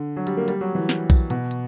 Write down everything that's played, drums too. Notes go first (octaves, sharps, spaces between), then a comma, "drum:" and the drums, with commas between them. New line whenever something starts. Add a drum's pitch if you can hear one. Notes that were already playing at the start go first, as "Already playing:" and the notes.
Already playing: D3
F#3
G3, drum: hi-hat
A#3
G3, drum: hi-hat
F#3
E3
drum: snare
drum: kick B1, open hi-hat
B2, drum: hi-hat
drum: hi-hat